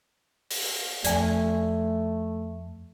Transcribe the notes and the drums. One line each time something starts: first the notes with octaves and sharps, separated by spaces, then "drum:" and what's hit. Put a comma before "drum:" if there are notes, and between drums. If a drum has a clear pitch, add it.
drum: open hi-hat
F2 A3 D5 G#5, drum: hi-hat